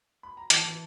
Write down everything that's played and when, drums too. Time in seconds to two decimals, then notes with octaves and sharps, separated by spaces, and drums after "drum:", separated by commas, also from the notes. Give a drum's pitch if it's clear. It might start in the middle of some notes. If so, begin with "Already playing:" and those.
0.23 B5
0.37 A#5
0.50 E3 A5, drum: hi-hat
0.65 E3